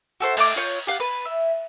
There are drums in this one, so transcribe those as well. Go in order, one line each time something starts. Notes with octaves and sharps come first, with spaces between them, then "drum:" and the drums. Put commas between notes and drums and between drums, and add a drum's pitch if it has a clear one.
F#4 A4 C5 E5
A3 A5 A#5 D6, drum: cymbal
F4 C#5 G6
G4 F5 F#5
B4 B5
E5